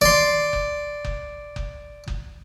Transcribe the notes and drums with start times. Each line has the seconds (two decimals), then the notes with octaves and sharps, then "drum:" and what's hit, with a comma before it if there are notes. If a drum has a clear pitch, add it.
0.01 D5 C6, drum: kick F#1
0.53 drum: kick F#1
1.05 drum: kick F#1
1.56 drum: kick F#1
2.08 drum: kick F#1